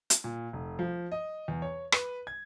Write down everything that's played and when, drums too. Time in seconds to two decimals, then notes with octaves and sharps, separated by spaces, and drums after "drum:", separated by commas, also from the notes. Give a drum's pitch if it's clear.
0.10 drum: hi-hat
0.24 A#2
0.53 F1
0.79 F3
1.12 D#5
1.48 E2
1.62 C#5
1.92 B4, drum: rim click
2.27 G#6